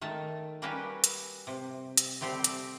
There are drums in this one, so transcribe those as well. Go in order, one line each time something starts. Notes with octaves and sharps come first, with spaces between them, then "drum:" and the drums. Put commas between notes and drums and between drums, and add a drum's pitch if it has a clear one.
D#3 A3 A5
G3 A#3 C#4 F#4 G4 B4
drum: hi-hat
C3
drum: hi-hat
G3 A3 C4 G4
drum: hi-hat